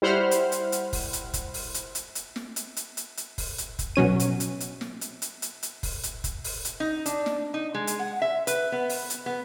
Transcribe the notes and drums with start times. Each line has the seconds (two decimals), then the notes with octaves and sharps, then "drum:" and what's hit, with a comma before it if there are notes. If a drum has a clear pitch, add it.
0.02 G3 E4 C5 F#5 B5 F6
0.31 drum: hi-hat
0.52 drum: hi-hat
0.72 drum: hi-hat
0.93 drum: kick F1, open hi-hat
1.13 drum: hi-hat
1.34 drum: kick F1, hi-hat
1.54 drum: open hi-hat
1.74 drum: hi-hat
1.95 drum: hi-hat
2.15 drum: hi-hat
2.36 drum: snare
2.56 drum: hi-hat
2.77 drum: hi-hat
2.97 drum: hi-hat
3.17 drum: hi-hat
3.38 drum: kick F1, open hi-hat
3.58 drum: hi-hat
3.79 drum: kick F1, hi-hat
3.96 B2 F#3 C#4 D#7
4.20 drum: hi-hat
4.40 drum: hi-hat
4.60 drum: hi-hat
4.81 drum: snare
5.01 drum: hi-hat
5.22 drum: hi-hat
5.42 drum: hi-hat
5.63 drum: hi-hat
5.83 drum: kick F1, open hi-hat
6.03 drum: hi-hat
6.24 drum: kick F1, hi-hat
6.44 drum: open hi-hat
6.65 drum: hi-hat
6.80 D#4
7.06 D4, drum: hi-hat
7.26 drum: snare
7.54 D#4
7.75 G#3
7.87 drum: hi-hat
7.99 F#5
8.22 E5
8.47 B4, drum: hi-hat
8.72 B3
8.89 drum: open hi-hat
9.10 drum: hi-hat
9.26 B3